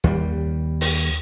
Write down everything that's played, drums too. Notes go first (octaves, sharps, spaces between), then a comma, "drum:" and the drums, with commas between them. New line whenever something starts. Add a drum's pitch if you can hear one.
D#2 G3
drum: open hi-hat